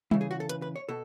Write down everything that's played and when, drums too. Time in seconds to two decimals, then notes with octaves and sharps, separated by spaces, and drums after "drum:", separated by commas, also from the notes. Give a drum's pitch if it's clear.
0.11 C#3 E3 E4, drum: tom G3
0.21 G#4
0.31 F#4
0.40 A4
0.49 B4, drum: hi-hat
0.62 B4
0.76 C#5
0.89 B2 A4